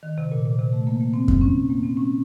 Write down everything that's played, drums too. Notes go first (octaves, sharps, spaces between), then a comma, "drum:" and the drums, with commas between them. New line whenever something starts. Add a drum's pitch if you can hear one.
D#3
C3
A#2
A#2
C3
A3
A#3
A#3
C4
drum: kick F2
C#4
A#3
C4
C#4